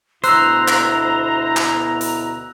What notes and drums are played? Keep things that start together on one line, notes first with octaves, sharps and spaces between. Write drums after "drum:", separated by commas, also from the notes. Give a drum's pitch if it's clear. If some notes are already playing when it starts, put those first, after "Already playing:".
D2 B2 E4 C5 A#5 E6 F#6, drum: hi-hat
drum: clap
drum: clap
drum: hi-hat